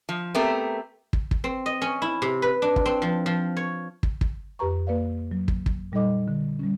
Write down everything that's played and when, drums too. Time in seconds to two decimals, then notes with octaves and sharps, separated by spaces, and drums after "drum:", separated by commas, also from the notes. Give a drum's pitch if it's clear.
0.09 F3
0.35 A3 B3 C4 G4 A4 A#4
1.13 drum: kick
1.31 drum: kick
1.44 C4
1.66 D#5
1.82 C#4
2.02 E4
2.22 C3
2.42 B4
2.62 D4
2.76 drum: kick
2.86 C4
3.02 F3
3.26 F3
3.57 C#5
4.03 drum: kick
4.21 drum: kick
4.59 F2 G4 B4 A#5 C#6
4.87 A#3 B4 D5 F5
5.31 F#3
5.48 drum: kick
5.66 drum: kick
5.92 A#2 G3 D#4 A4 D#5 D6
6.28 D3
6.59 G3 C#4